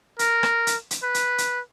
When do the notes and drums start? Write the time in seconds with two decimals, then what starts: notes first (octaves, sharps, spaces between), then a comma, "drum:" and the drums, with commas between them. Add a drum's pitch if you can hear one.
0.19 A#4, drum: hi-hat
0.43 drum: rim click
0.67 drum: hi-hat
0.91 drum: hi-hat
1.03 B4
1.14 drum: hi-hat
1.38 drum: hi-hat